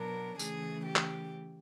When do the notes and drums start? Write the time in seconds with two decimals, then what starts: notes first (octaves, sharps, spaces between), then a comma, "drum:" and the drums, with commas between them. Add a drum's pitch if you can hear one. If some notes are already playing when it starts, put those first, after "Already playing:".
Already playing: B2 F#3 B3 D4 A#4
0.39 C#3 E3 A3 G#4, drum: tambourine
0.86 G4
0.96 drum: clap